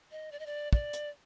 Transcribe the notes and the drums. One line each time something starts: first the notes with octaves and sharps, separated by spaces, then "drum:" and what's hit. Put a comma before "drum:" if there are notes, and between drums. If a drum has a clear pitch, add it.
D#5
D5
D#5
D5
D5, drum: kick
drum: hi-hat